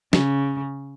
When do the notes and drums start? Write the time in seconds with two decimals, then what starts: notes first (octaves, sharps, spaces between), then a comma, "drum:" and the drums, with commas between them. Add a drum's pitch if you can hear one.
0.13 C#3, drum: snare